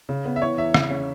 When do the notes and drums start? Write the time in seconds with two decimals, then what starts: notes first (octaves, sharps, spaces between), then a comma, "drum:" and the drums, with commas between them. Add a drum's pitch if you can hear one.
0.09 C#3
0.25 B3
0.36 E5
0.41 E3 C#5
0.57 E2 E5
0.74 C#3, drum: rim click
0.90 C#4